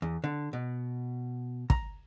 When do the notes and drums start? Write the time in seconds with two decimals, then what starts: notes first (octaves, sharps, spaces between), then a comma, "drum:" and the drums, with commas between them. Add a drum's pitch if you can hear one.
0.02 E2
0.24 D3
0.53 B2
1.70 A#5, drum: kick